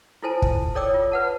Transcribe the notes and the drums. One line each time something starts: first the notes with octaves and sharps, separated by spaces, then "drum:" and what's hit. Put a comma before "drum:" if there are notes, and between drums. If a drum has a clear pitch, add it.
E4 F4 A4 C5 G#5 A5
drum: kick
A4 C#5 D5 G5 D6 E6
F4
B4 F#5 A5